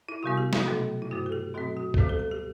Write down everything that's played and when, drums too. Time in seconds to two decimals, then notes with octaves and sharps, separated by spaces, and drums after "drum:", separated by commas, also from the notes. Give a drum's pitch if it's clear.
0.09 E4
0.23 C3 G3 B3 F#4
0.37 G4
0.53 F#4, drum: snare
0.67 B2 F#3 A3
1.02 E4
1.10 G2 D3 A3 F#4
1.26 A4
1.32 G4
1.54 B2 F#3 A3 C4 F#4
1.77 F#4
1.94 A4, drum: kick B1
1.98 D2 D3 G3 C4 G4
2.09 A4
2.19 A4
2.31 G4